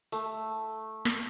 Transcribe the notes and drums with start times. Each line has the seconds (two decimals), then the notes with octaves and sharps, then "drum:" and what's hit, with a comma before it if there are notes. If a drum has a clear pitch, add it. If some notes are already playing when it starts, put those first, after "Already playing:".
0.12 A3, drum: open hi-hat
1.05 drum: snare